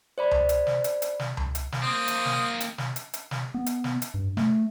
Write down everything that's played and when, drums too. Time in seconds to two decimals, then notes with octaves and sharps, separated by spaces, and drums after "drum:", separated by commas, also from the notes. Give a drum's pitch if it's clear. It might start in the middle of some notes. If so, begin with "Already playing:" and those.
0.18 C5 D5 B5
0.31 drum: tom C#2
0.49 drum: hi-hat
0.67 drum: snare
0.84 drum: hi-hat
1.02 drum: hi-hat
1.19 drum: snare
1.37 drum: tom C#2
1.55 drum: hi-hat
1.72 drum: snare
1.83 A#3 C4 C5 D#6
2.08 drum: hi-hat
2.25 drum: snare
2.61 drum: hi-hat
2.78 drum: snare
2.96 drum: hi-hat
3.14 drum: hi-hat
3.31 drum: snare
3.54 B3
3.66 drum: hi-hat
3.84 drum: snare
4.02 drum: hi-hat
4.14 G2
4.37 A3, drum: snare